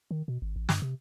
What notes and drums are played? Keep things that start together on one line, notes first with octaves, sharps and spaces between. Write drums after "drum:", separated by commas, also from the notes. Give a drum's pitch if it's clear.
D#3
B2
G#1
A1
G2, drum: snare
C3